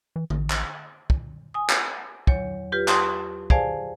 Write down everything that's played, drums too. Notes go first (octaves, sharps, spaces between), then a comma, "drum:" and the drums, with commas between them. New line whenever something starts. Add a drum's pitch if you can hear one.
E3
A1, drum: tom D3
drum: clap
drum: kick
G#5 D#6
drum: clap
E2 F#3 C#5, drum: kick
F4 G4 B4
A5 C6 D#6, drum: clap
G#4 C5 D5 F5 G#5 A5, drum: kick